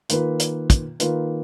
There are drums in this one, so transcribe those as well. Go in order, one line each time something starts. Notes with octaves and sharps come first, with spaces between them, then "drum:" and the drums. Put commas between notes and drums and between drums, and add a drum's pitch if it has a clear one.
D#3 A#3 F4 B4, drum: hi-hat
drum: hi-hat
drum: kick, hi-hat
D#3 A#3 F4 B4, drum: hi-hat